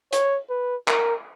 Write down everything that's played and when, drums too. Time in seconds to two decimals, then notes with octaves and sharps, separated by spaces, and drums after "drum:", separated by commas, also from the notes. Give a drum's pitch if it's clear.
0.13 C#5, drum: hi-hat
0.50 B4
0.88 A#4, drum: clap